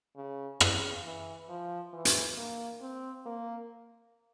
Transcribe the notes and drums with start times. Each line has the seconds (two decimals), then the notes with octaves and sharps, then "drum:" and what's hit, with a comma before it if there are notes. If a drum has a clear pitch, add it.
0.16 C#3
0.60 C#3, drum: rim click
1.05 E3
1.49 F3
1.93 E3
2.05 drum: hi-hat
2.37 A#3
2.81 C4
3.26 A#3